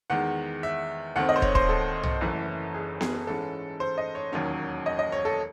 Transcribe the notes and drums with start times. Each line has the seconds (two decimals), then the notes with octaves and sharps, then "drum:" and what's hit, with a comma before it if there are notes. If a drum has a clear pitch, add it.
0.10 E2 D#3 G#3 F#5
0.63 E5
1.16 D#2 D#3 A3 C4 F#5
1.29 D#5
1.36 C5
1.42 C#5, drum: kick
1.55 C5, drum: kick
1.69 A4
2.03 drum: tom B1
2.21 F#1 F#2 E3 A3
2.74 G#4
3.01 G#4, drum: snare B3
3.27 G#2 E3 G#3 C#4 A4
3.80 C5
3.98 D#5
4.15 C#5
4.32 E1 D#2 D#3 F#3 C#4 C#5
4.86 D#5
4.99 D#5
5.12 C#5
5.25 A4